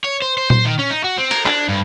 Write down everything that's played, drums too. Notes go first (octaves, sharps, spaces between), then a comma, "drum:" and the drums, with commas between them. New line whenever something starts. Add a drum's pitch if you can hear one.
C#5
C5
C5
C5, drum: tom A#2
D#3
C#4
D#4
F#4
C4
A#4, drum: cymbal
D4, drum: clap
G2